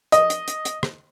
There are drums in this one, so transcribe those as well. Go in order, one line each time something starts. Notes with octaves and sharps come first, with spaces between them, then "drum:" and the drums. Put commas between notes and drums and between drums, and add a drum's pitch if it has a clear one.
D#5, drum: hi-hat
drum: hi-hat
drum: hi-hat
drum: hi-hat
drum: rim click